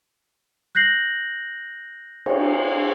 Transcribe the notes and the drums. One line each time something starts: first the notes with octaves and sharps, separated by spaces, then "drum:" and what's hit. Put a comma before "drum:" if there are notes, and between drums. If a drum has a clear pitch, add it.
F#6 G6 A#6 C7 F#7
drum: cymbal